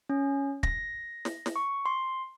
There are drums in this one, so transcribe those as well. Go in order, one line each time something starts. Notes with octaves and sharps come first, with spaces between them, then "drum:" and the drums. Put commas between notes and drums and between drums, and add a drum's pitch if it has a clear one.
C#4
A#6, drum: kick
drum: snare
drum: snare
C#6
C6